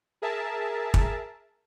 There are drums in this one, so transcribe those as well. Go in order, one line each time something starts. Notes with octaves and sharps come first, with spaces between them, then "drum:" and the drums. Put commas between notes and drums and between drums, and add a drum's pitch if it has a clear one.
G#4 A#4 E5 A5
drum: kick